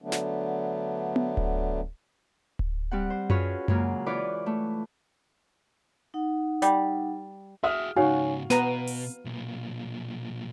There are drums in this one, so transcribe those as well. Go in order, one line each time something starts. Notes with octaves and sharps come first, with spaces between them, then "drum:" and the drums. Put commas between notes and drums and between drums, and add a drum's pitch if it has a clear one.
D3 F#3 A3 B3 D4
drum: snare
drum: tom B3
drum: kick D1
drum: kick D1
G3 C4 F#5
C5
C#4 F4 F#4 G#4 B4 C#5, drum: tom F#2
A#2 C#3 F#3 G#3 A#3, drum: tom F#2
E3 F4 B4 C#5 D5 D6
A3
D#4 F#5
G3, drum: hi-hat
F#4 G#4 E5 D#6 F6
G#2 C#3 D#4 F#4 C#5 F5 G#5
B2 B3 B4 A#5 D#7, drum: snare
drum: open hi-hat
B1 A#2